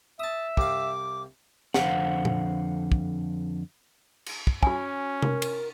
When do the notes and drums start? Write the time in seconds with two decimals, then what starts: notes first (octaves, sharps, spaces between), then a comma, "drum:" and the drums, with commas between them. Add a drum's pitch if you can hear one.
0.19 E5 A5 D#6
0.57 C2 C3 F5 D6, drum: kick
1.74 F2 D3 C5 F5 F#5, drum: snare
2.25 drum: tom A#2
2.92 drum: kick
4.26 drum: cymbal
4.47 drum: kick
4.63 C#4 F#4 G#5, drum: kick
5.22 A#4, drum: tom C3
5.42 drum: cymbal